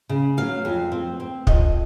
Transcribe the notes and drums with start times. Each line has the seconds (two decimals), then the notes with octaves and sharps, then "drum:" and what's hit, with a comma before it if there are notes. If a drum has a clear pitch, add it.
0.09 C#3
0.37 F#3 F5
0.65 F2
0.92 C4
1.20 C4
1.47 F2 D#5, drum: kick